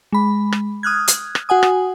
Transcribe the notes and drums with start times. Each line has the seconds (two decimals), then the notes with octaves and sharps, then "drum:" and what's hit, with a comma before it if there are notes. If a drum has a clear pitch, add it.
0.12 G#3 B5
0.52 drum: rim click
0.83 D#6 F6 F#6 G#6
1.08 drum: hi-hat
1.35 drum: rim click
1.49 F#4 F#5 G#5 D#6
1.63 drum: rim click